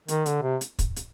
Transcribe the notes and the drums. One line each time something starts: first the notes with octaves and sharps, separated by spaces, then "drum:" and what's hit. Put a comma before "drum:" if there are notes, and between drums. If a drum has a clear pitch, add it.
D#3, drum: hi-hat
D3, drum: hi-hat
C3
drum: hi-hat
drum: kick, hi-hat
drum: hi-hat